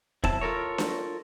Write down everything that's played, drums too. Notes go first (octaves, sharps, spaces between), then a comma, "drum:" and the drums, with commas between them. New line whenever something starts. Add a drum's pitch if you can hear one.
C3 F#3 E4 A5, drum: kick
F4 A4 A#4 C#5
drum: snare D4